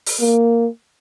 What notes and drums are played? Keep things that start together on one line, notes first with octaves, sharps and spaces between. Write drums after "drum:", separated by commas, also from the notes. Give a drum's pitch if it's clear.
drum: open hi-hat
A#3